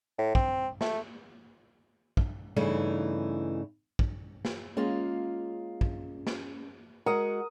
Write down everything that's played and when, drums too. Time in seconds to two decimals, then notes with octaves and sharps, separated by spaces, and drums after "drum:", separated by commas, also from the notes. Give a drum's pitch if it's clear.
0.18 A2
0.35 C4, drum: kick
0.81 A3, drum: snare
2.17 drum: kick
2.56 G2 C#3 E3 A3 D#4 E4
3.99 drum: kick
4.45 drum: snare
4.77 G#3 A#3 C#4 F4
5.81 drum: kick
6.27 drum: snare
7.06 G#3 F#4 A#4 F#5 D#6